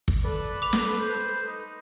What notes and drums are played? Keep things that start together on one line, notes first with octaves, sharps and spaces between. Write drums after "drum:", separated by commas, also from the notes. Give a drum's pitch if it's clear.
drum: kick
A4 B4 D5
D6 F7
drum: snare
C5
D#4